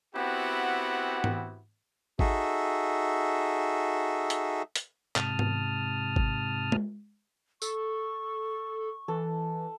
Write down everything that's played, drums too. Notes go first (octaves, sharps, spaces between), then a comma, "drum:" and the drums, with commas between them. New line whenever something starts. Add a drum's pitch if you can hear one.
B3 C4 E4 F#4 G4 F#5
drum: tom G#2
D#4 F#4 G#4 A4 E5, drum: kick G#1
drum: hi-hat
drum: hi-hat
G#2 C3 A5 D#6 F6, drum: clap
drum: tom G#2
drum: kick G#1
drum: tom G#3
A4 C#6, drum: tambourine
E3 A4